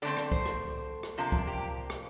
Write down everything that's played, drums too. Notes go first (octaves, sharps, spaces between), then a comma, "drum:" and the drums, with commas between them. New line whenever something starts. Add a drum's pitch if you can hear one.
D3 A3 C4 D5
drum: rim click
C5, drum: kick C2
drum: rim click
drum: rim click
C3 F3 A#3 D4 F4
drum: kick C2
G4
drum: rim click